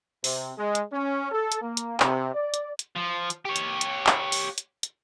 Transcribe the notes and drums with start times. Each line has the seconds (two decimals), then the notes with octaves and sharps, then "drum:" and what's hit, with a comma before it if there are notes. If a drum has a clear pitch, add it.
0.24 C3, drum: open hi-hat
0.58 G#3
0.75 drum: hi-hat
0.93 C#4
1.32 A4
1.52 drum: hi-hat
1.62 A#3
1.77 drum: hi-hat
2.00 C3, drum: clap
2.34 D5
2.54 drum: hi-hat
2.79 drum: hi-hat
2.96 F3
3.30 drum: hi-hat
3.45 G4 C#5
3.56 drum: hi-hat
3.81 drum: hi-hat
4.07 drum: clap
4.32 drum: open hi-hat
4.58 drum: hi-hat
4.83 drum: hi-hat